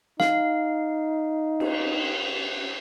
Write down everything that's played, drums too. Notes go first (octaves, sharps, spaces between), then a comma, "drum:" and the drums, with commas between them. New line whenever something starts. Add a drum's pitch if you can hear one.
D#4 F5, drum: snare
drum: cymbal